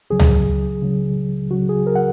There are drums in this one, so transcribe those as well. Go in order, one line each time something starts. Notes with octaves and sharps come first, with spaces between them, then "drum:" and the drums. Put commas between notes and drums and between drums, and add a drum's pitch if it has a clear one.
C#2 C#3 F#3 G#4
drum: tom C#2
C#2 C#3 F#3
C#2 C#3 F#3 F#4
G#4
A#4
F#5